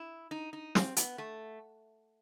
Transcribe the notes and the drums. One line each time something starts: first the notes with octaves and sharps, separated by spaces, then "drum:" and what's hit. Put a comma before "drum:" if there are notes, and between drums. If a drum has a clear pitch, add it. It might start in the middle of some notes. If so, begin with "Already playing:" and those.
Already playing: E4
D#4
D#4
C4, drum: snare
B3, drum: hi-hat
A3